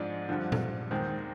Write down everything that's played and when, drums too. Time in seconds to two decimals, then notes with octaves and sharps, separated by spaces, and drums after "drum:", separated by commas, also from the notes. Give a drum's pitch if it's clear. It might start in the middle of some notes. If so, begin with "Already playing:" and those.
Already playing: G#2 F3 G#3 D4 D5
0.28 G2 D3 F3 C4
0.52 drum: tom A#2
0.91 D#2 D#3 G#3 C4